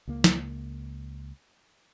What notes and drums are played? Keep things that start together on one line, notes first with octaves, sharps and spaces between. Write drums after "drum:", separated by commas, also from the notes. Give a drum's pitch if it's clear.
C#2 A#3
drum: snare